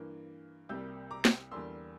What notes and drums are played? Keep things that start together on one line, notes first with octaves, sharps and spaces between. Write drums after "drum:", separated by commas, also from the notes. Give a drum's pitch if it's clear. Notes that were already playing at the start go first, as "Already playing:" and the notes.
Already playing: G2 E3 A#3
C2 C3 G3 A#3 E6 G6
A#5 D6
drum: snare
E2 D3 G3 A#3 C6 E6